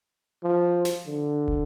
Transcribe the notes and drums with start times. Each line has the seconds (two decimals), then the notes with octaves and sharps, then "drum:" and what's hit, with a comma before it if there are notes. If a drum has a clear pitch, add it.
0.43 F3
0.85 drum: snare
1.06 D3
1.48 drum: kick